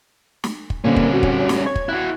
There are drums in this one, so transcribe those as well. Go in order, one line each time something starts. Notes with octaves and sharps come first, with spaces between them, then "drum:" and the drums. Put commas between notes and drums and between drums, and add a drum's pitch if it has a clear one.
drum: snare
drum: kick
A#2 D3 G3 A#3 C4 C#4
drum: kick
F#4
drum: kick
drum: snare
C#5 G#6
drum: kick
E4 F#4 F#6